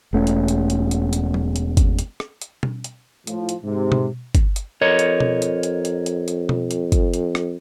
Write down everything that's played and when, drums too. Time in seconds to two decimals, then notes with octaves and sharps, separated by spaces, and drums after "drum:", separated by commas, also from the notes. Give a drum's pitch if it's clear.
0.13 E1 A3 C#4
0.27 drum: hi-hat
0.48 drum: hi-hat
0.70 drum: hi-hat
0.91 drum: hi-hat
1.13 drum: hi-hat
1.34 drum: tom F#3
1.56 drum: hi-hat
1.77 drum: kick G1, hi-hat
1.99 drum: hi-hat
2.20 drum: rim click
2.41 drum: hi-hat
2.63 drum: tom B2
2.84 drum: hi-hat
3.27 A2 F3, drum: hi-hat
3.49 drum: hi-hat
3.63 G#2 C3
3.92 drum: tom B2
4.35 drum: kick G1, hi-hat
4.56 drum: hi-hat
4.82 F2 A#4 C#5 D#5
4.99 drum: hi-hat
5.20 drum: tom B2
5.42 drum: hi-hat
5.63 drum: hi-hat
5.85 drum: hi-hat
6.06 drum: hi-hat
6.28 drum: hi-hat
6.49 drum: tom B2
6.71 drum: hi-hat
6.92 drum: kick G1, hi-hat
7.14 drum: hi-hat
7.35 drum: rim click